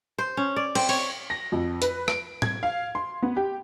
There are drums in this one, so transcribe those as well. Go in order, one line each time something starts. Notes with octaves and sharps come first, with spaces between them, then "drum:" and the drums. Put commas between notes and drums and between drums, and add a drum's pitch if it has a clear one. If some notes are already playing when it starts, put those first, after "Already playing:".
C5
C#4
D5
C4, drum: cymbal
C#5, drum: open hi-hat
A#6
F2
B4, drum: hi-hat
D7, drum: rim click
G#6, drum: tom A2
F5
C6
B3
G4